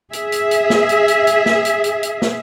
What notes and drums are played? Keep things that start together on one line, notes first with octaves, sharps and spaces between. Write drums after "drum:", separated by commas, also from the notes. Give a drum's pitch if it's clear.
G#4 E5, drum: hi-hat
drum: hi-hat
drum: hi-hat
drum: snare
drum: hi-hat
drum: hi-hat
drum: hi-hat
drum: snare
drum: hi-hat
drum: hi-hat
drum: hi-hat
drum: snare